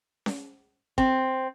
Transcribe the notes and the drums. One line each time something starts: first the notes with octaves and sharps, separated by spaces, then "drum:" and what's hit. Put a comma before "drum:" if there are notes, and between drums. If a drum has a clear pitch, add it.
drum: snare C#4
C4, drum: kick